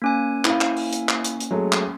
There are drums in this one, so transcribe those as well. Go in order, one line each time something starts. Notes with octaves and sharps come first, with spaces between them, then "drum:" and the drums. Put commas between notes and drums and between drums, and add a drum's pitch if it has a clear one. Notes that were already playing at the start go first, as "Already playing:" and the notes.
A#3 C#4 G#5
E4 F5, drum: clap
drum: clap
drum: open hi-hat
drum: hi-hat
drum: clap
drum: hi-hat
drum: hi-hat
F#3 G#3 A3
drum: clap